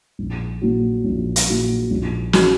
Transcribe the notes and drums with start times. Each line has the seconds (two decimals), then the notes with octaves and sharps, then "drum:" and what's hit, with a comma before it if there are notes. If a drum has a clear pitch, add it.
0.19 A#1
0.62 A#2 F#3
1.04 A#1
1.36 drum: hi-hat
1.48 A#2 F#3
1.91 A#1
2.33 F#3 C#4 F#4, drum: snare